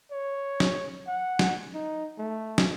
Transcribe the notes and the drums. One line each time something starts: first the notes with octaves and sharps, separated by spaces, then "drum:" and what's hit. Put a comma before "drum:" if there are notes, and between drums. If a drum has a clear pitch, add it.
C#5
drum: snare
F#5
drum: snare
D#4
A3
drum: snare